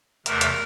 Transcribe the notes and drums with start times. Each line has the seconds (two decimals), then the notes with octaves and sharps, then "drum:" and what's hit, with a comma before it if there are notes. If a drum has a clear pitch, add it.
0.26 E2 C3 E3 A3 A#4, drum: hi-hat
0.41 drum: hi-hat